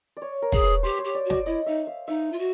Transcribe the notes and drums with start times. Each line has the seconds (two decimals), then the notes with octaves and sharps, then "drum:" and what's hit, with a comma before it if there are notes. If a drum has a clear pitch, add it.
0.17 D5
0.22 C#5
0.42 A#4
0.52 G#4, drum: kick
0.63 B4
0.83 G4 C5
0.99 C#5
1.04 G4
1.15 D5
1.25 F#4
1.30 D5, drum: snare
1.46 E4 D#5
1.66 D#4 E5
1.87 F5
2.08 D#4 E5
2.32 F4
2.39 F#4